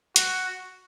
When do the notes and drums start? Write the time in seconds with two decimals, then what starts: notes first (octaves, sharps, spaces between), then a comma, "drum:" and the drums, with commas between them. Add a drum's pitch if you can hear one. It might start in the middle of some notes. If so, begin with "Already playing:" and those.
0.16 F#4, drum: hi-hat